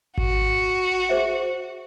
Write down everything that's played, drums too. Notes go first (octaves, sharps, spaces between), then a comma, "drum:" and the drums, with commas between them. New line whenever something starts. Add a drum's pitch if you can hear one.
F#4, drum: kick G#1
G#4 C5 E5